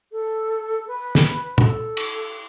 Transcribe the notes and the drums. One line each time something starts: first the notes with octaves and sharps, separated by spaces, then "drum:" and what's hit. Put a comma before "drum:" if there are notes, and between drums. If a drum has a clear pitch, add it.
A4
B4
drum: snare
F#4, drum: tom
A4
drum: cymbal